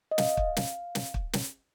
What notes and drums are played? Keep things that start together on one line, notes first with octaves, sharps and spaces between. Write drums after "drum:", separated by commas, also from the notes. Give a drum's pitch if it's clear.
D#5
F5, drum: snare
drum: kick
drum: snare
drum: snare
drum: kick
drum: snare